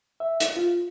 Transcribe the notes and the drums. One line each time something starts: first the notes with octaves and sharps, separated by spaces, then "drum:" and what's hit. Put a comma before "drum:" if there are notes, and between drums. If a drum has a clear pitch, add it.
E5
drum: hi-hat
F4